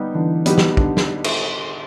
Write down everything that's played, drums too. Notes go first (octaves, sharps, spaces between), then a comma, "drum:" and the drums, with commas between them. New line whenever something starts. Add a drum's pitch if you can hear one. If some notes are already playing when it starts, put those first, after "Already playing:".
Already playing: G3 B3 D#4 G4
D3 E3
G3 B3 D#4 G4, drum: hi-hat
drum: snare
D3, drum: kick
drum: snare
drum: cymbal